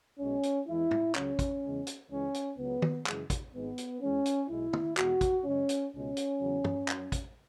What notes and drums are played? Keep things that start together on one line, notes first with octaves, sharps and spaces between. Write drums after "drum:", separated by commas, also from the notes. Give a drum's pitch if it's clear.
B1 B2 G#3 C#4
drum: hi-hat
E2 E3 G#3 E4
drum: tom
C#2 C#3 F#3 C#4, drum: clap
drum: kick, hi-hat
E2 C#3 G#3
drum: hi-hat
C#2 C#3 E3 G#3 C#4
drum: hi-hat
C#2 C#3 F#3 B3
drum: tom
F#2 C#3 E3 G#3, drum: clap
drum: kick, hi-hat
G#1 G#2 G#3 B3
drum: hi-hat
E2 E3 G#3 C#4
drum: hi-hat
B1 B2 G#3 E4
drum: tom
E2 B2 G#3 F#4, drum: clap
drum: kick, hi-hat
F#2 C#3 G#3 C#4
drum: hi-hat
C#2 B2 G#3 C#4
drum: hi-hat
E2 C#3 F#3
drum: tom
F#2 F#3, drum: clap
drum: kick, hi-hat